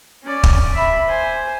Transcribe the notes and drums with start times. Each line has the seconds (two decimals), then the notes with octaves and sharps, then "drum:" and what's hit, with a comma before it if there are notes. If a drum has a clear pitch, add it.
0.23 C#4 D5
0.43 drum: kick
0.73 E5 B5
1.08 C5 G#5